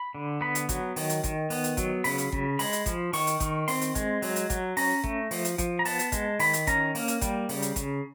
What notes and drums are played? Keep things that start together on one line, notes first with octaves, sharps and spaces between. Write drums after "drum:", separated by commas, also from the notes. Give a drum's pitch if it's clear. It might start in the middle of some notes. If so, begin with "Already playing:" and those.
Already playing: B5
D3
B3 B5
drum: hi-hat
F#3, drum: kick, hi-hat
D#3, drum: open hi-hat
drum: hi-hat
D#3, drum: kick, hi-hat
B3, drum: open hi-hat
drum: hi-hat
F#3, drum: kick, hi-hat
C#3 B5, drum: open hi-hat
drum: hi-hat
C#3, drum: kick
G#3 B5, drum: open hi-hat
drum: hi-hat
F3, drum: kick, hi-hat
D#3 C#6, drum: open hi-hat
drum: hi-hat
D#3, drum: kick, hi-hat
C4 C6, drum: open hi-hat
drum: hi-hat
G#3, drum: kick, hi-hat
F#3, drum: open hi-hat
drum: hi-hat
F#3, drum: kick, hi-hat
C#4 A#5, drum: open hi-hat
A3, drum: kick
F3, drum: open hi-hat
drum: hi-hat
F3, drum: kick, hi-hat
A#5
B3 A5, drum: open hi-hat
drum: hi-hat
G#3, drum: kick, hi-hat
D#3 B5, drum: open hi-hat
drum: hi-hat
C#4 A#5, drum: kick, hi-hat
A#3, drum: open hi-hat
drum: hi-hat
G3, drum: kick, hi-hat
C#3, drum: open hi-hat
drum: hi-hat
C#3, drum: kick, hi-hat